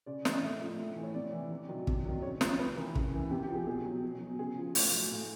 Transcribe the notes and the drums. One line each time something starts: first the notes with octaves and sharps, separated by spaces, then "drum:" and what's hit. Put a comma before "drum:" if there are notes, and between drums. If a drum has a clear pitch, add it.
C#3 D5
E3 D#5, drum: snare
A2 E5
F3
A2
E3
C#5
C3 D5
E3
C3
D#3 F#3
C3, drum: kick
D#3 F#3
C#3 C#5
F3, drum: snare
C3 B4
E3 A#4
C#3, drum: kick
E3
C3 G4
G4
F3
G#4
B2 G#4
F#3
B2
F#3
C#3 G#4
F3
A2, drum: open hi-hat
F#3
A2